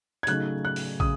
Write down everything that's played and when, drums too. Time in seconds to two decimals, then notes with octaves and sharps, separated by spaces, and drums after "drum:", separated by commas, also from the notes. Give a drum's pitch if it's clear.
0.23 G#6
0.27 C#3 F#3 A3 D#4 F#6, drum: hi-hat
0.65 F#6
0.76 drum: open hi-hat
1.00 C#3 D#6, drum: kick